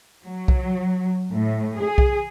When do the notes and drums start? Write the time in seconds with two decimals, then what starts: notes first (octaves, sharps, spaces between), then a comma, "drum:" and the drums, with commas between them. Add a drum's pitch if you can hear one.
0.23 F#3
0.48 drum: kick B1
1.30 A2
1.78 G#4
1.98 drum: kick B1